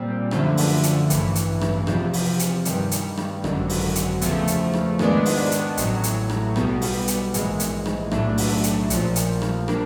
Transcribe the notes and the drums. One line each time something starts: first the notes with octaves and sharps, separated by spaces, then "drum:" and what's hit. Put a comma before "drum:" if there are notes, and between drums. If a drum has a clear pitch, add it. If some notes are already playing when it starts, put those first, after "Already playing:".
Already playing: A#2 G3 C4
F#2 D3 F3 A3, drum: rim click
drum: open hi-hat
drum: hi-hat
A1 G2 E3, drum: hi-hat
drum: hi-hat
drum: rim click
E2 C3 F3, drum: rim click
drum: open hi-hat
drum: hi-hat
G2 D#3 G3, drum: hi-hat
drum: hi-hat
drum: rim click
G#1 F#2 D3 F#3, drum: rim click
drum: open hi-hat
drum: hi-hat
E2 C#3 F3 A3, drum: hi-hat
drum: hi-hat
drum: rim click
G#2 D#3 G#3 B3 D4, drum: rim click
drum: open hi-hat
drum: hi-hat
A1 A2 F#3, drum: hi-hat
drum: hi-hat
drum: rim click
B1 B2 G3 B3, drum: rim click
drum: open hi-hat
drum: hi-hat
A#1 G#2 E3 G#3, drum: hi-hat
drum: hi-hat
drum: rim click
B1 A2 F#3 A3 D4, drum: rim click
drum: open hi-hat
drum: hi-hat
A#1 A#2 F3, drum: hi-hat
drum: hi-hat
drum: rim click
G3 A#3 D4, drum: rim click